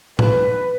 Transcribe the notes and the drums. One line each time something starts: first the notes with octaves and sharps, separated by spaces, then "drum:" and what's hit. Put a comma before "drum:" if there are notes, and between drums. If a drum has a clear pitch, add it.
B4, drum: tom A2